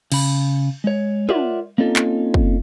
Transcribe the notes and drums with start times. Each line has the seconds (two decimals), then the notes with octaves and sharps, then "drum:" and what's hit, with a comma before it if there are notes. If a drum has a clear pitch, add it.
0.12 C#3 B5, drum: cymbal
0.84 G#3 C#5
1.29 F4 A#4 C#5 D5 E5 F#5, drum: tom
1.78 A#3 C4 C#4 D#4 F4 A4
1.96 drum: clap
2.34 drum: kick